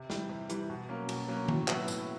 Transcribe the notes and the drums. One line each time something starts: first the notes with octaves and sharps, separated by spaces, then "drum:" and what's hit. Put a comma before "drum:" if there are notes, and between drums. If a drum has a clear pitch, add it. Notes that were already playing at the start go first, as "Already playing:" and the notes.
Already playing: C3
E3 G3, drum: snare
C3
E3 G3, drum: hi-hat
B2
F#3 A#3 C#4
B2, drum: cymbal
F#3 A#3 C#4
A2, drum: tom
F#3 B3 E4, drum: clap
A2, drum: tambourine